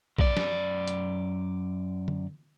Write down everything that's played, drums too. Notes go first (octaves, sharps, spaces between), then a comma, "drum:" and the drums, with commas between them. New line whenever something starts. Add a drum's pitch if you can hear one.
F#2 D5, drum: kick
drum: snare
drum: hi-hat
drum: tom D3